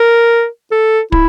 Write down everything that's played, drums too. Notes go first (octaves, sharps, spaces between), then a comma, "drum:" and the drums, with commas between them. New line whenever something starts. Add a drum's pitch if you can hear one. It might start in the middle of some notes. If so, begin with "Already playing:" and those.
Already playing: A#4
A4
E4, drum: kick